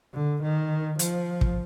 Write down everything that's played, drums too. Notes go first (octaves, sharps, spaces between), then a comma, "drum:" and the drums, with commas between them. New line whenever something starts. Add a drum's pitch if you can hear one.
D3
D#3
F3, drum: hi-hat
drum: kick